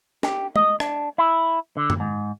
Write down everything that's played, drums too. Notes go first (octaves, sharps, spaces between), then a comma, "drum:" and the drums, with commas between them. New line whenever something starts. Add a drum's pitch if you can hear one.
G4, drum: snare
D#5, drum: tom G#3
D4, drum: rim click
E4
D3
drum: tom
G#2